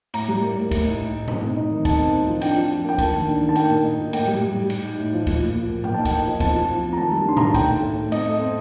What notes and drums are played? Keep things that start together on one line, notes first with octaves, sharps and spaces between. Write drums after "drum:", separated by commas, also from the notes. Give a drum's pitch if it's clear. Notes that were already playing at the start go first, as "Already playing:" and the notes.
A2 A#5, drum: cymbal
G3
A#3
A2
A2, drum: kick C#2, cymbal
D#4
D#4
A2
D#4, drum: tom G#2
C4
D#4
D#3
D#4 A5, drum: kick C#2, cymbal
C4
C4
F3
D4 G5, drum: cymbal
F3
F3
A#3 G5
A#3 A5, drum: kick C#2, cymbal
D#3
D4
D#3
A5
A#3 G5, drum: cymbal
A#2
D#4
A#2
A2 G5, drum: cymbal
G3
G3
G3
D#4, drum: cymbal
D#4
A2
F3
A#2, drum: kick C#2, cymbal
F3
A#2
A#2
A#3 G5, drum: tom G#2
D#4 A5
G5, drum: kick C#2, cymbal
D#4
F3
C4 A5, drum: kick C#2, cymbal
F3
F3
C4
A#5
D#3 A5
G3
D4 C6
D#3 A#5, drum: tom G#2
A5
A3 G5, drum: kick C#2, cymbal
A3
A2
A2
C4 D#5, drum: cymbal
A3
C4